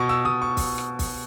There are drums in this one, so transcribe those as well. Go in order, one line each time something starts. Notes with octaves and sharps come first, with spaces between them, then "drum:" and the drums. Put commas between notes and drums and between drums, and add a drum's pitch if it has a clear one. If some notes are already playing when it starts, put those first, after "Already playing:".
Already playing: B2 C#6
E6
B2 D#6
C#6
drum: kick, open hi-hat
drum: rim click
drum: kick, open hi-hat